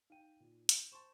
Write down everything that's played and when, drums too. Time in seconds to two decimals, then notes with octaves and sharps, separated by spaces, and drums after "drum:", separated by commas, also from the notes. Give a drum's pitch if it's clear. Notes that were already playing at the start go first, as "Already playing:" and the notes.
0.10 D#4 F5 G5 D#7
0.40 A#2
0.69 G6 A#6 C#7, drum: hi-hat
0.92 C5 A5 C6 C#6 E7